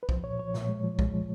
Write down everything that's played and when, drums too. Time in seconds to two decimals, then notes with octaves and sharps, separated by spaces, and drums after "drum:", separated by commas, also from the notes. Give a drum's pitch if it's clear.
0.03 B4
0.09 F3 C5, drum: kick
0.24 A#2 C#5
0.39 F3 C#5
0.54 A#2, drum: snare
0.69 G#3
0.84 F3
0.99 G#3, drum: kick
1.14 F3